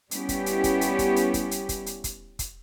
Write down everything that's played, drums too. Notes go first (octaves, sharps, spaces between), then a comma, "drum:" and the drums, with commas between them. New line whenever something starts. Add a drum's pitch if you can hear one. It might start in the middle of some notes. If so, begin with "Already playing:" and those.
G3 B3 C#4 E4 G4, drum: hi-hat
drum: kick, hi-hat
drum: hi-hat
drum: kick, hi-hat
drum: hi-hat
drum: kick, hi-hat
drum: hi-hat
drum: kick, hi-hat
drum: hi-hat
drum: kick, hi-hat
drum: hi-hat
drum: kick, hi-hat
drum: kick, hi-hat